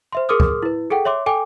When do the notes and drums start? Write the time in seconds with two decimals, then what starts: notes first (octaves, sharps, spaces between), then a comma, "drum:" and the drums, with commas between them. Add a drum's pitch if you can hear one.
0.12 C5 E5 C6
0.29 G#4 A#4 C6 D6 D#6 F6
0.40 drum: kick
0.63 E4 B4
0.91 G#4 A4 F#5 G5
1.05 C#5 E5 C6 D6
1.26 A4 G5 G#5 D6